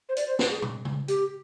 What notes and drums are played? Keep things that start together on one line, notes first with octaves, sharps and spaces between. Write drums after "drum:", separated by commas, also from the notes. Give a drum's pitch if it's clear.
C5
D5, drum: hi-hat
C5
B4, drum: snare
G#4
drum: tom
drum: tom C#3
G4, drum: hi-hat